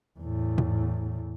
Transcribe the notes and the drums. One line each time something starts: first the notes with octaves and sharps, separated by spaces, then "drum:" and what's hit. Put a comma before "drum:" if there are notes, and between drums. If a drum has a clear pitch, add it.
E2 A2
drum: tom G#2